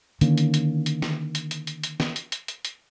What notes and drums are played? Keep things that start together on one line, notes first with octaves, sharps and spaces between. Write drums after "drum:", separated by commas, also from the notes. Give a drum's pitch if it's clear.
D3 D#3 A#3 C#4, drum: hi-hat
drum: hi-hat
drum: hi-hat
drum: hi-hat
drum: snare
drum: hi-hat
drum: hi-hat
drum: hi-hat
drum: hi-hat
drum: snare
drum: hi-hat
drum: hi-hat
drum: hi-hat
drum: hi-hat